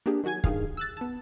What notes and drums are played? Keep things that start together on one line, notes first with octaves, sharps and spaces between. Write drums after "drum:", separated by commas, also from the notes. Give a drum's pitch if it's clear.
A#3 D4 G4 G#4
D#3 F#3 F#4 G#5 G#6
G2 D#3 G#4 F5, drum: kick
E6 F#6 A6
B3 A5